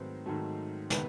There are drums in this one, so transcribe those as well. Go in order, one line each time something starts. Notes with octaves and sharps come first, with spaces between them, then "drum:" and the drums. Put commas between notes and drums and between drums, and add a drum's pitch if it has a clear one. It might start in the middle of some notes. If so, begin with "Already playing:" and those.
Already playing: G#2 D#3 F#3 A3 C4 B4 C5
G#2 D#3 F#3 A3
C3 D#3 B3 B4, drum: snare